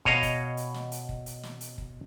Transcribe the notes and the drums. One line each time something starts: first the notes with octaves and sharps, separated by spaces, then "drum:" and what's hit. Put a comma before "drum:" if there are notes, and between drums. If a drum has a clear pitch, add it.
B2 C#5 D#5 F5, drum: kick
drum: kick, hi-hat
drum: hi-hat
drum: snare
drum: hi-hat
drum: kick
drum: hi-hat
drum: snare
drum: hi-hat
drum: kick